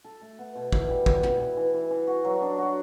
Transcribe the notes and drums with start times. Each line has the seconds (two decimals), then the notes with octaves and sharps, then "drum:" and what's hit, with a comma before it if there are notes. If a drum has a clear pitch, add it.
0.05 A4
0.22 A3
0.39 B3
0.56 B2
0.72 E4, drum: kick
0.89 G3
1.06 B4, drum: kick
1.23 B3, drum: tom
1.40 E3
1.57 E3
1.74 E3
1.91 E3
2.07 F#4
2.25 F#3
2.42 D4
2.58 F#4